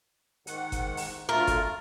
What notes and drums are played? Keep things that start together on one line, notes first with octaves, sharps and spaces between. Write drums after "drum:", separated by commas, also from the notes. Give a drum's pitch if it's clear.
G#2 D#3 F#5, drum: hi-hat
drum: kick G1, hi-hat
drum: open hi-hat
D2 A3 F4 A#4
drum: kick G1, hi-hat